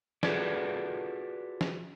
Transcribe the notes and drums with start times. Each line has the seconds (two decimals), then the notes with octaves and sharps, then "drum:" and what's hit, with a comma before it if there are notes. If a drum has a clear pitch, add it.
0.23 F4 F#4 G#4 A4 B4 D5, drum: snare
1.61 drum: snare